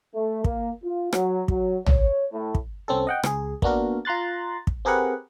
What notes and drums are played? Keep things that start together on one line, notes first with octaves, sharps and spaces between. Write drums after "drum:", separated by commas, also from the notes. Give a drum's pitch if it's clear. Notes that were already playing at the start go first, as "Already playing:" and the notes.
A3
A#3, drum: kick
F4
F#3, drum: rim click
F#3, drum: kick
C#5, drum: tom A#1
A2
drum: kick
C2 C4 C#4 A4
D#5 F#5 G5
C#2 G#4, drum: rim click
A#3 B3 D4 F#4 A#4, drum: kick
F4 A#5 C6 F#6 A6
drum: kick
C4 G4 G#4 A#4 B4 F#5